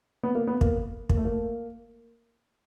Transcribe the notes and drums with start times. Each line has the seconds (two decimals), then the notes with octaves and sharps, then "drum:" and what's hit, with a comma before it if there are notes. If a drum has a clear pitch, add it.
0.23 B3
0.35 A#3
0.47 B3
0.61 A#3, drum: kick
1.09 A#3, drum: kick
1.17 A3
1.25 A#3